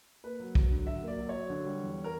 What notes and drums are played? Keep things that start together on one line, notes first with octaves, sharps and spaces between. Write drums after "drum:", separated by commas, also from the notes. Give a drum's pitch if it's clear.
A#3 B4
F#3
F#3, drum: kick
D3
F#3 E5
A#3
D5
F#3
C#5
F#3
D3
G3
E2
A#4